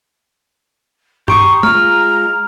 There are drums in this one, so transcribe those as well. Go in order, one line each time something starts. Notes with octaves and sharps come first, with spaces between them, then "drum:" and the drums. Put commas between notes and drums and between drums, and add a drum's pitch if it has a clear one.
G4 A#5 C6 C#6 D#6 D7, drum: tom G2
G#3 F4 A#5 F6, drum: tom G#3